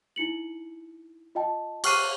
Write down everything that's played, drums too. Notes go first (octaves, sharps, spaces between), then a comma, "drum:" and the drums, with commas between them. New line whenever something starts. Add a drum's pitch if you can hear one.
D#4 E4 C#7 F#7
F4 D#5 G5 A5
C#6 D6 F6 F#6 C7 D#7, drum: cymbal